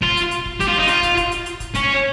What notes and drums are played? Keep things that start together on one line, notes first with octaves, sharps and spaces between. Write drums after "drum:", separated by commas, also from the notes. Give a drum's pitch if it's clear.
F4, drum: kick
drum: hi-hat
drum: hi-hat
drum: kick
G4, drum: kick, hi-hat
F4
D#4
F4, drum: hi-hat
drum: kick, hi-hat
drum: kick, hi-hat
drum: hi-hat
drum: hi-hat
drum: kick, hi-hat
C#4, drum: kick, hi-hat